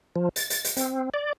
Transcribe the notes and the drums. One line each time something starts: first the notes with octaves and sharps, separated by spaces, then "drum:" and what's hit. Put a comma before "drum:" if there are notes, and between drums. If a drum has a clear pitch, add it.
F3
A6, drum: hi-hat
drum: hi-hat
drum: hi-hat
C4, drum: hi-hat
D5